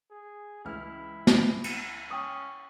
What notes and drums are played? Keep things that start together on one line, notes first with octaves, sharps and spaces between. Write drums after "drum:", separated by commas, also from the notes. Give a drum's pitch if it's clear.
G#4
C#2 E3 E4 F6
drum: snare
drum: cymbal
C#4 G5 D#6